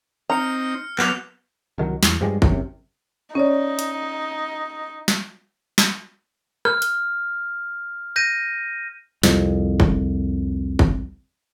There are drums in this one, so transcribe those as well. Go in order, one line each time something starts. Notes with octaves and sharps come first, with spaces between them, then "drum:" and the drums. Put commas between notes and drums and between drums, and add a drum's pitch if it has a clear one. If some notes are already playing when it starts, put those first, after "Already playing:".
C4 D#4 A#5 F6 C#7
F#3 B3 D6 F6 F7, drum: clap
C2 D#3 F#3
E2, drum: snare
G2 F3 G3 G#3
F#1 F#2 C3, drum: kick G1
C#4 D#4 C#5 D5
drum: hi-hat
drum: snare
drum: snare
F6, drum: rim click
drum: hi-hat
G6 A#6 D#7
C2 F2, drum: snare
drum: kick G1
drum: kick G1